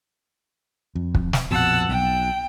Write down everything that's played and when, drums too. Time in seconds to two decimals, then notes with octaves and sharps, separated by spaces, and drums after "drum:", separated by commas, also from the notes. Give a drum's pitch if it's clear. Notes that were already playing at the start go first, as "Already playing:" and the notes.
0.95 F2
1.15 drum: kick
1.33 drum: snare
1.51 A#1 F2 B2 F#5 A5 E6
1.89 B1 G5